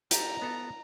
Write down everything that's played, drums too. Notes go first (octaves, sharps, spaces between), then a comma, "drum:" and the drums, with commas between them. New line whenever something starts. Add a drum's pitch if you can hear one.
G4 A4 A#5, drum: hi-hat
B3 A4